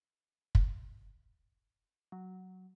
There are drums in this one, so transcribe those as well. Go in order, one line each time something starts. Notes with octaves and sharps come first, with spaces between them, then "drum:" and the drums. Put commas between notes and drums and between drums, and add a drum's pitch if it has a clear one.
drum: kick
F#3